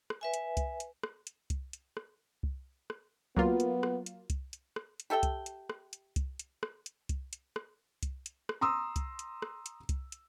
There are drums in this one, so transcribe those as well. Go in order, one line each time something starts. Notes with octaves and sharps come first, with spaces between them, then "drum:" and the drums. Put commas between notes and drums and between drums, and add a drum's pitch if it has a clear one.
drum: rim click
B4 E5 G#5
drum: hi-hat
drum: kick C2, hi-hat
drum: hi-hat
drum: rim click
drum: hi-hat
drum: kick C2, hi-hat
drum: hi-hat
drum: rim click
drum: kick C2
drum: rim click
F#3 A#3 B3 F4, drum: kick C2
drum: hi-hat
drum: rim click
drum: hi-hat
drum: kick C2, hi-hat
drum: hi-hat
drum: rim click
drum: hi-hat
G4 A4 E5 G5
drum: kick C2, hi-hat
drum: hi-hat
drum: rim click
drum: hi-hat
drum: kick C2, hi-hat
drum: hi-hat
drum: rim click
drum: hi-hat
drum: kick C2, hi-hat
drum: hi-hat
drum: rim click
drum: kick C2, hi-hat
drum: hi-hat
drum: rim click
A#5 C6 D#6 E6
drum: kick C2, hi-hat
drum: hi-hat
drum: rim click
drum: hi-hat
drum: kick C2, hi-hat
drum: hi-hat